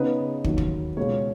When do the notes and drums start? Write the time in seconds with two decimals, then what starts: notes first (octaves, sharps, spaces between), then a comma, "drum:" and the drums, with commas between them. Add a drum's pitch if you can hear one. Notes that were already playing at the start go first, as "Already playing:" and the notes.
Already playing: C#3 B3 D#4 B4
0.44 D#2 D#3 F#3, drum: kick
0.58 drum: kick
0.97 C#2 B2 G#3 C#5